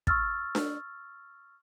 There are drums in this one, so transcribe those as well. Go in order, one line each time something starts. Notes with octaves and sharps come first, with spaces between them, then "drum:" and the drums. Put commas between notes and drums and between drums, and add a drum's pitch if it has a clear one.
C#6 E6 F6 A6, drum: kick
drum: snare D4